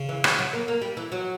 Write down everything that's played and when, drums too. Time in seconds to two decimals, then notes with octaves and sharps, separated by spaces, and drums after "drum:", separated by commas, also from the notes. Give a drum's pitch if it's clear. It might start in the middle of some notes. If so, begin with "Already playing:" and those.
Already playing: C#3
0.09 E3
0.24 F#3, drum: rim click
0.39 F#3
0.53 A#3
0.68 A#3
0.82 G3
0.97 E3
1.12 F#3